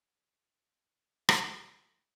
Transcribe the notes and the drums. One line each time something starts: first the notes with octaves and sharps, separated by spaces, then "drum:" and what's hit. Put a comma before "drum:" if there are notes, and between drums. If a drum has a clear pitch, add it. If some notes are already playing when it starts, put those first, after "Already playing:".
C4 A#4 G#6
drum: rim click
E2